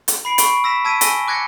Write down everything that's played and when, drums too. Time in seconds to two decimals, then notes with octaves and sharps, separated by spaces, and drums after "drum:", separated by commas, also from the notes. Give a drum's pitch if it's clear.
0.08 drum: hi-hat
0.25 B5 C7 D7
0.38 C#6 D7, drum: hi-hat
0.64 E6 A#6 B6 E7
0.85 A5 E6 G#6 B6 D7 D#7
1.01 G#5 E6 A#6 D#7 G7, drum: hi-hat
1.28 D6 F#6 G#6 A#6 C#7